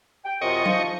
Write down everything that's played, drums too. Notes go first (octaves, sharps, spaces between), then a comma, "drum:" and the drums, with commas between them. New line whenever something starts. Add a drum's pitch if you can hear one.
G5
F#2 C3 F4 D#5 C#6
F3, drum: tom F#3